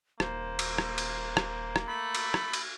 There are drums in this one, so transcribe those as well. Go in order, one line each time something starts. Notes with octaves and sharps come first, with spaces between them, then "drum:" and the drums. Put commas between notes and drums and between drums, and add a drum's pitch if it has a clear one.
D#1 A#3 C5, drum: rim click
drum: cymbal
drum: rim click
drum: cymbal
drum: rim click
drum: rim click
A3 B5
drum: cymbal
drum: rim click
drum: cymbal